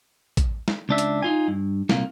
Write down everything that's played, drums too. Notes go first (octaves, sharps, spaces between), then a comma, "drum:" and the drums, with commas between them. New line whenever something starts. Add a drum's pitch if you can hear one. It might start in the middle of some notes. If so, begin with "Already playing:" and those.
drum: kick, hi-hat
drum: snare
C#2 D4 E5
drum: hi-hat
D#4 F4 G#5
G2
C2 A#2 A#3, drum: snare